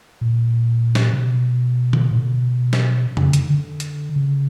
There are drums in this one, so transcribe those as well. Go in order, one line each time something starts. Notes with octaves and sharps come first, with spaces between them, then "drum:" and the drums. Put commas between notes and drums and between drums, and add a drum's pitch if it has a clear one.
A#2
drum: snare
C3
B2
drum: tom D3
A#2
B2
drum: snare
C#3, drum: tom F2
D3, drum: hi-hat
D3
drum: hi-hat
C#3